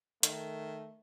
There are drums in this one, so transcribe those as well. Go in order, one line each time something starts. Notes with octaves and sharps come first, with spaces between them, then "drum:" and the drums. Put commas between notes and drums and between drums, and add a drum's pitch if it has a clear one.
D#3 A3, drum: hi-hat